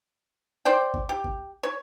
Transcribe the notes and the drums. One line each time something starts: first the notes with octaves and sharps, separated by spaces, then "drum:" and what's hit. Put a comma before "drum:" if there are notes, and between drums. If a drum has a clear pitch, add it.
C5 D5 G5
drum: kick G#1
G4
drum: kick G#1
C#5